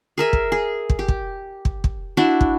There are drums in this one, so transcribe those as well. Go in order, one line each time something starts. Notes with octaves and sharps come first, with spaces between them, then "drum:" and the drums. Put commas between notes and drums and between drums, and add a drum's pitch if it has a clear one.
G#4 A#4 E5 G#5
drum: kick
G#4
drum: kick
G4
drum: kick
drum: kick
drum: kick
D4 E4 F#4
drum: kick